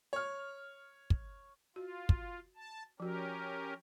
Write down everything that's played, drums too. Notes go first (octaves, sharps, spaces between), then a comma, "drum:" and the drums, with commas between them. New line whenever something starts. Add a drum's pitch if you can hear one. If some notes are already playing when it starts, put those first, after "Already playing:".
C#5 F6
drum: kick
F4 F#4
drum: kick
A5
F3 C#4 F#4 G4 A#4